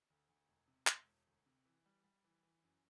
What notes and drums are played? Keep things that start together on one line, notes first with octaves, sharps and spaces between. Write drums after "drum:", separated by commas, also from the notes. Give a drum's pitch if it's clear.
D2
D2
E1
C3
E1, drum: clap
E1
D2
C3
E3
G3
G3
E3
E3
F#2